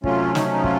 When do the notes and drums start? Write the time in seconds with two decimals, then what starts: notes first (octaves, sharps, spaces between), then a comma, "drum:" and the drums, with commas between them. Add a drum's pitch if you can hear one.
0.04 C3 F#3 A3 C#4 F4, drum: kick
0.35 D#4, drum: snare
0.52 D#4
0.64 F4, drum: kick